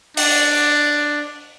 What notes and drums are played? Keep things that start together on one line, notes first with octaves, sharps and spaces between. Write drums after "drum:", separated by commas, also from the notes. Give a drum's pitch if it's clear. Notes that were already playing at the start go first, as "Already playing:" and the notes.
D4, drum: open hi-hat